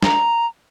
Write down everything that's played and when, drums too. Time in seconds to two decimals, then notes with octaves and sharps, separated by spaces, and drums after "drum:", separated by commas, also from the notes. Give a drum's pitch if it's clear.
0.03 A#5, drum: snare